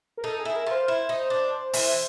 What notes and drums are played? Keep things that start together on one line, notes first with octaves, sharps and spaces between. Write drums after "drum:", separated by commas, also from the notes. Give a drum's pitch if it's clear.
A#4
D#4 A4
G#4
E4
A#4
F4 C5
E4
D#4
D4
E3, drum: open hi-hat